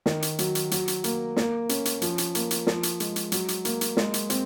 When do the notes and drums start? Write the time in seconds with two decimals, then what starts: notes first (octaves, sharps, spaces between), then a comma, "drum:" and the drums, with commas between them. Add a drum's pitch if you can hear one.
0.06 D#3, drum: snare
0.22 drum: hi-hat
0.39 F#3, drum: hi-hat
0.55 drum: hi-hat
0.71 F#3, drum: hi-hat
0.88 drum: hi-hat
1.04 A#3, drum: hi-hat
1.36 A#3, drum: snare
1.69 C#4, drum: hi-hat
1.85 drum: hi-hat
2.02 F3, drum: hi-hat
2.18 drum: hi-hat
2.35 A#3, drum: hi-hat
2.51 drum: hi-hat
2.67 F3, drum: snare
2.83 drum: hi-hat
3.00 G#3, drum: hi-hat
3.16 drum: hi-hat
3.32 F#3, drum: hi-hat
3.48 drum: hi-hat
3.65 A#3, drum: hi-hat
3.81 drum: hi-hat
3.97 G#3, drum: snare
4.14 drum: hi-hat
4.30 C4, drum: hi-hat